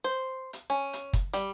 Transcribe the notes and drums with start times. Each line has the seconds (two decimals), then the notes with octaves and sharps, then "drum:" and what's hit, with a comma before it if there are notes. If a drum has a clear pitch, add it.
0.04 C5
0.53 drum: hi-hat
0.70 C#4
0.93 drum: hi-hat
1.13 drum: kick, hi-hat
1.33 G3, drum: hi-hat